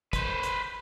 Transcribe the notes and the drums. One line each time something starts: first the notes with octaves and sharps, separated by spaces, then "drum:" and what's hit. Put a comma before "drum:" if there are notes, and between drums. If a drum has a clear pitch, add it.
B4 C5, drum: kick, hi-hat
drum: hi-hat